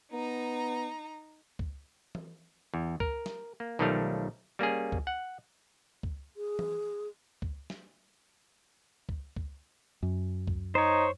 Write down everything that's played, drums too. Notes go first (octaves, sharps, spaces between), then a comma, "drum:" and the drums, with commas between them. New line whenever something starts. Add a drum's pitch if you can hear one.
B3 D#4 A#5
drum: kick C#2
drum: tom E3
E2
A#4, drum: kick C#2
drum: snare
A#3
B1 D#3 F3 G3 A3 F5
G3 A#3 C#4 G#4
drum: kick C#2
F#5
drum: kick C#2
G#4
drum: tom E3
drum: kick C#2
drum: snare
drum: kick C#2
drum: kick C#2
F#2
drum: kick C#2
D#4 C5 C#5